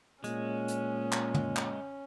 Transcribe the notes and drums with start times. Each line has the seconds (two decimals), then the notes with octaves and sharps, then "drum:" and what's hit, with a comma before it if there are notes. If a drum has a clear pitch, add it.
0.24 A#2 G#3 C#4, drum: hi-hat
0.68 drum: hi-hat
1.12 drum: clap
1.34 drum: tom
1.56 drum: clap